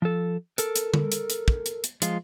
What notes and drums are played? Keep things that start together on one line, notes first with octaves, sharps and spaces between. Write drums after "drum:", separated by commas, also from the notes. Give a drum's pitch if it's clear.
F3 A4
A4 A#4, drum: hi-hat
drum: hi-hat
drum: tom D3
drum: hi-hat
drum: hi-hat
drum: kick
drum: hi-hat
drum: hi-hat
F3 G#3 F4, drum: hi-hat